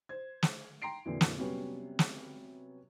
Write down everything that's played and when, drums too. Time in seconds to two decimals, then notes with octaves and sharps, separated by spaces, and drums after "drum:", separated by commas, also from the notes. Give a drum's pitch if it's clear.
0.09 C5 G#6
0.43 drum: snare
0.82 G5 A#5 C6 C7 D7
1.05 F2 A#2 D3 E3 F#3
1.21 drum: snare
1.38 C3 F#3 G3 B3 C#4
1.99 drum: snare